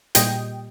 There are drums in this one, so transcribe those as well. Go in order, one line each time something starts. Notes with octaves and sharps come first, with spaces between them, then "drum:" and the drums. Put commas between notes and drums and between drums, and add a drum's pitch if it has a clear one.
A#2 G3 D#5 G5, drum: hi-hat